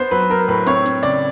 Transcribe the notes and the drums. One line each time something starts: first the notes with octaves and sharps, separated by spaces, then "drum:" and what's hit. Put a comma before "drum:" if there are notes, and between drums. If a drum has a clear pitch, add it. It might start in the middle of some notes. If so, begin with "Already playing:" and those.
Already playing: B3 C5
F#3 B4
B3 A#4
A2 B4
C4 C#5, drum: hi-hat
C4, drum: hi-hat
C#3 D5, drum: hi-hat